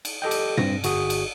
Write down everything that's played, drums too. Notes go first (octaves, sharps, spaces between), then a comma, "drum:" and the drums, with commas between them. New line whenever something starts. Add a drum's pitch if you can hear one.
drum: cymbal
G4 A4 D#5 G5
drum: cymbal
G2 C4 A#6, drum: tom
G1 F#4 G#4 D#6, drum: cymbal
drum: cymbal